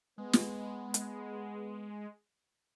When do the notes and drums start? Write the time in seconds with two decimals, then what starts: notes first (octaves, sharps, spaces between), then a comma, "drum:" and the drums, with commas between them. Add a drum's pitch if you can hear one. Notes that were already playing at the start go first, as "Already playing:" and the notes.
0.18 G#3 B3
0.33 drum: snare
0.94 drum: hi-hat